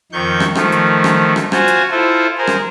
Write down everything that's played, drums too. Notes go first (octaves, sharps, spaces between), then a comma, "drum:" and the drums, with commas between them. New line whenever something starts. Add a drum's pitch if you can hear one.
F2 D#3 C#6 G6
drum: rim click
D#3 F3 A3, drum: rim click
drum: hi-hat
drum: rim click
drum: rim click
F4 F#4 C5 G#5, drum: rim click
drum: hi-hat
E4 F4 A4 C5
G#4 A#4 C5
drum: rim click